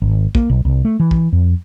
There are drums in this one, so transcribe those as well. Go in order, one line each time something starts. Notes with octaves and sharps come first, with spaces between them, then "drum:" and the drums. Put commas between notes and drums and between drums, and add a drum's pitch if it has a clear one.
G#1
A#3, drum: kick
B1
C2
A3
E3
drum: kick
F2